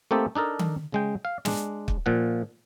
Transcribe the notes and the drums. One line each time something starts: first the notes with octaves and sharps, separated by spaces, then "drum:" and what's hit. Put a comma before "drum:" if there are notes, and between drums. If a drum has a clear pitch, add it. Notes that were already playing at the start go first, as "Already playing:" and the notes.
A3 A#3 C4 D#4 G4 A4
D4 D#4 A4 A#4
drum: tom D#3
C#3 G#3 G5
F5
G#3 D4, drum: snare
drum: kick
A#2 F3 F#5